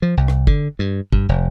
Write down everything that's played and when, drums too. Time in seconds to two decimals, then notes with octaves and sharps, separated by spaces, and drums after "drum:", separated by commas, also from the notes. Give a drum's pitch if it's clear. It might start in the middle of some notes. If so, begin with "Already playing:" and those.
0.02 F3
0.17 C2
0.28 drum: rim click
0.47 D3, drum: kick
0.79 G2
1.12 G2, drum: kick
1.29 F1